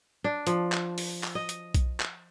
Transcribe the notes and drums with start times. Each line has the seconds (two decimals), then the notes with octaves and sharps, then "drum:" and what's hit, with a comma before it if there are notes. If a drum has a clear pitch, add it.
0.24 D4
0.47 F3, drum: hi-hat
0.72 drum: clap
0.98 drum: open hi-hat
1.23 drum: clap
1.35 D#5
1.49 drum: hi-hat
1.74 drum: kick B1, hi-hat
2.00 drum: clap